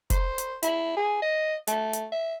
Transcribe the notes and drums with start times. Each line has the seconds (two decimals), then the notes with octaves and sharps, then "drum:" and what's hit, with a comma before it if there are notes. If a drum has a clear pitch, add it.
0.10 C5, drum: kick F1, hi-hat
0.38 drum: hi-hat
0.63 E4, drum: hi-hat
0.97 G#4
1.22 D#5
1.67 A3, drum: hi-hat
1.93 drum: hi-hat
2.12 E5